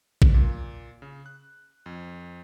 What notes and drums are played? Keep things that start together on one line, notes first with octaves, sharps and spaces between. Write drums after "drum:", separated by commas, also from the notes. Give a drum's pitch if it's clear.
drum: kick A1
A#2
C#3
F#6
F2